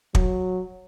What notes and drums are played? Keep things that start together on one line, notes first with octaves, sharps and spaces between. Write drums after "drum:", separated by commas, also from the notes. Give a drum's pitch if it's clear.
F#3, drum: kick